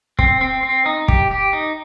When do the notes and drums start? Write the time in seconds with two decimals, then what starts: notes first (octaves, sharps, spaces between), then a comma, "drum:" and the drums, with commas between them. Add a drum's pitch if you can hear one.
0.19 C4, drum: kick
0.41 C4
0.63 C4
0.86 D#4
1.08 G4, drum: kick
1.31 G4
1.53 D#4